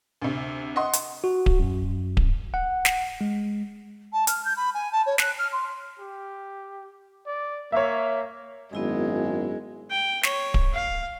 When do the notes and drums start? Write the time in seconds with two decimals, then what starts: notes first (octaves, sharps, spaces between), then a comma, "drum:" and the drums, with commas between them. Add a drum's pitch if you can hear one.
0.22 D2 C3
0.76 D#5 F#5 C6
0.93 drum: hi-hat
1.24 F#4
1.46 drum: kick D1
1.59 F#2
2.17 drum: kick D1
2.54 F#5
2.85 drum: snare
3.21 G#3
4.12 A5
4.27 F6, drum: hi-hat
4.44 G6
4.56 B5
4.74 G#5
4.92 A5
5.06 C#5
5.18 F#6, drum: snare
5.38 F6
5.52 C6
5.99 G4
7.26 D5
7.72 A#3 C#5 E5
8.73 G#1 F#2 G#3 B3 E4 G#4
9.90 G5
10.23 C#5, drum: snare
10.54 drum: kick D1
10.73 F5